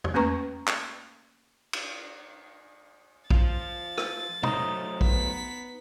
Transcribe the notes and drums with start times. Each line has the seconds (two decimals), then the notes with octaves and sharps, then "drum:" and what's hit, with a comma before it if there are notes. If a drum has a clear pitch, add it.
0.04 drum: tom E2
0.14 A3 A#3 C#4 B4 A#5 C#6
0.67 drum: clap
1.73 drum: cymbal
3.30 F3 F4 A6, drum: kick A#1
3.98 drum: rim click
4.43 F#3 A3 D#4 C5, drum: tom B2
5.01 B3 B6, drum: kick A#1